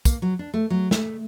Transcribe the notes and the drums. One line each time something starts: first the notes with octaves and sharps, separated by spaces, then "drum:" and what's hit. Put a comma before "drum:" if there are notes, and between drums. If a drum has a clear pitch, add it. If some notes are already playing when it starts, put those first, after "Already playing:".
A#3, drum: kick, tambourine
F#3
D4
A3
F#3
A3, drum: snare